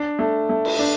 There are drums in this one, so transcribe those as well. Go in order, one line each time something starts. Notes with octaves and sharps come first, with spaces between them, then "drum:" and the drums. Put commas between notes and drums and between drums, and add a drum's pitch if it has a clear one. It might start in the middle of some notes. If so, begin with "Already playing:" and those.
Already playing: D4
A3
A3
drum: cymbal
D4